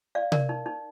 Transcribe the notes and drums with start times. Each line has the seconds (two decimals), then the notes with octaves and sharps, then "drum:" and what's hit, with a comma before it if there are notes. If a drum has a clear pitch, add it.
0.15 D5 F5
0.32 A#4 D5, drum: tom C3
0.49 D#4
0.66 D#4